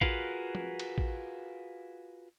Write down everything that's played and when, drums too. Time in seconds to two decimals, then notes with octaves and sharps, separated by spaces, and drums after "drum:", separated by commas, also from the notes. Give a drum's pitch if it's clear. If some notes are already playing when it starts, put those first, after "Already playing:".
0.01 F4 F#4 G#4 A#4 B4 F5, drum: kick A1
0.55 drum: tom F3
0.80 drum: cymbal
0.98 drum: kick A1